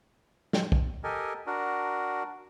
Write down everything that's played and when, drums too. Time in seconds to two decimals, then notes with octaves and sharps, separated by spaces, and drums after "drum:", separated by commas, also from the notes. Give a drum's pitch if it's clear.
0.53 drum: snare
0.72 drum: kick
1.04 G4 A4 A#4 D#5 G#5
1.47 D4 F#4 A#4